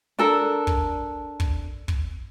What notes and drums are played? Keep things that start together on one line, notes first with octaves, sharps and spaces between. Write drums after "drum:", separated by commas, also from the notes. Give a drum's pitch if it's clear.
D4 A4 A#4
drum: kick
drum: kick
drum: kick